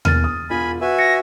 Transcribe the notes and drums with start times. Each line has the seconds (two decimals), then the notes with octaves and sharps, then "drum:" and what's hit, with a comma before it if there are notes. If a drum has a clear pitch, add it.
0.05 E2 A#3 F6 A6 D#7, drum: tom D#2
0.24 D#6
0.50 E1 F4 G#5 B5
0.81 F#4 B4 E5 G#5
0.99 A#6 C#7